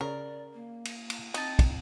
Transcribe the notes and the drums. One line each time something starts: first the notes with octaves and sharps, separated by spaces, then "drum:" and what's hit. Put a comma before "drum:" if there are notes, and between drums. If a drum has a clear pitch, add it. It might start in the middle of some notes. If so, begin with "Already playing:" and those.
C#3 A#4 D5
A#3
drum: cymbal
drum: cymbal
C4 D#4 D#5 A5, drum: cymbal
drum: kick, cymbal